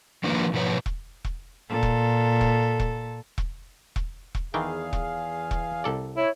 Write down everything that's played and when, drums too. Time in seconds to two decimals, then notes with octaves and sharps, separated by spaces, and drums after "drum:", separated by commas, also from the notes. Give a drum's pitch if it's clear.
0.24 D#3 F3 A#3 D4 F4 B4
0.53 G#2 B2 F3 B4 C#5
0.86 drum: kick E1
1.25 drum: kick E1
1.69 A#2 A4
1.83 drum: kick E1
2.41 drum: kick E1
2.80 drum: kick E1
3.38 drum: kick E1
3.96 drum: kick E1
4.35 drum: kick E1
4.54 E2 D#3 E3 G#4 F5 G5
4.93 drum: kick E1
5.51 drum: kick E1
5.84 C2 A4 D5
6.17 E4 C#5